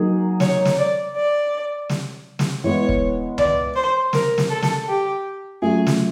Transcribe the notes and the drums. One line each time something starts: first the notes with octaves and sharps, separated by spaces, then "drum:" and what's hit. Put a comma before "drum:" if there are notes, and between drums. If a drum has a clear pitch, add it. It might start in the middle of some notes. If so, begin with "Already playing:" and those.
Already playing: F#3 A#3 D#4 G#4
C#5, drum: snare
drum: snare
D5
D5
drum: snare
drum: snare
E3 G#3 B3 C#5
drum: kick
D5, drum: tom C#2
C5
A#4, drum: snare
drum: snare
A4
drum: snare
G4
F#3 A3 C#4 F4 G#4
drum: snare